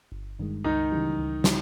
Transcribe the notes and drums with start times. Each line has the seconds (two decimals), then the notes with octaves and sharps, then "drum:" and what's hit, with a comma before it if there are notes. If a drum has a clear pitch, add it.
0.12 G1
0.39 G2 D#3 G#3
0.64 C#2 D#3 D#4
0.92 C#3 E3 G3
1.18 C#2
1.44 C#3 E3 G3, drum: snare